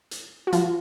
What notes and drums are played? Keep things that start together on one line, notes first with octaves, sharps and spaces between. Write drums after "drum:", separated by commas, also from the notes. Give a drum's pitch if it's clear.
drum: hi-hat
F#4
F3 F4, drum: hi-hat